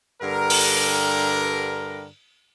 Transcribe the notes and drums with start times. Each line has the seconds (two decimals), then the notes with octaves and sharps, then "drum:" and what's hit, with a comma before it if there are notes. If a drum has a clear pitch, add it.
0.22 G2 D3 A#4
0.50 drum: open hi-hat